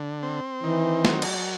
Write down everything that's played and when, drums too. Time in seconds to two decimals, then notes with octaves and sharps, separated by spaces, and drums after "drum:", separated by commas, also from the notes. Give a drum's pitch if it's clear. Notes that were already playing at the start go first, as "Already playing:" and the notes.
Already playing: D3
0.23 C4
0.63 D#3 E3
1.05 F#3, drum: snare
1.22 drum: cymbal